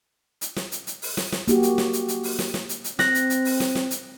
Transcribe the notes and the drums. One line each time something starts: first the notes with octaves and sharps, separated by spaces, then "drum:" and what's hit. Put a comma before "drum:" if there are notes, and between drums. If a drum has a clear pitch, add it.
drum: hi-hat
drum: snare
drum: hi-hat
drum: hi-hat
drum: open hi-hat
drum: snare
drum: snare
A#3 F#4 G4, drum: hi-hat
drum: hi-hat
drum: snare
drum: hi-hat
drum: hi-hat
drum: open hi-hat
drum: snare
drum: snare
drum: hi-hat
drum: hi-hat
C4 F#6 A#6, drum: snare
drum: hi-hat
drum: hi-hat
drum: open hi-hat
drum: snare
drum: snare
drum: hi-hat